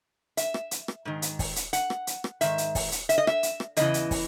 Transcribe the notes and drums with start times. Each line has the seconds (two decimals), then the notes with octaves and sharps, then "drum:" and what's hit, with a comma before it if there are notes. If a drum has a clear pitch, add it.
0.37 E5, drum: hi-hat
0.54 drum: rim click
0.71 drum: hi-hat
0.88 drum: rim click
1.05 G#2 D#3
1.22 drum: hi-hat
1.39 drum: kick, open hi-hat
1.56 drum: hi-hat
1.73 F#5, drum: hi-hat
1.90 drum: rim click
2.07 drum: hi-hat
2.24 drum: rim click
2.41 G#2 D#3 E5, drum: hi-hat
2.58 drum: hi-hat
2.75 drum: kick, open hi-hat
2.92 drum: hi-hat
3.09 E5, drum: hi-hat
3.18 D#5
3.27 E5, drum: rim click
3.43 drum: hi-hat
3.60 drum: rim click
3.77 E2 C#3 E3 D#5, drum: hi-hat
3.94 drum: hi-hat
4.11 drum: kick, open hi-hat